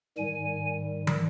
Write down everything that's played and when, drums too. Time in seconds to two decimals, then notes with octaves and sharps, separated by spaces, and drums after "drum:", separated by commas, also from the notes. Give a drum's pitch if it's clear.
0.18 G#2 D#3 G3 G#5
1.07 drum: tom